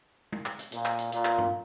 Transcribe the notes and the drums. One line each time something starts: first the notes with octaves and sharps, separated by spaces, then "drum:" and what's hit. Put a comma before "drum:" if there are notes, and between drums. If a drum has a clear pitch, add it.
drum: tom
drum: clap
drum: hi-hat
A#2, drum: hi-hat
drum: clap
drum: hi-hat
A#2, drum: hi-hat
drum: clap
drum: tom G2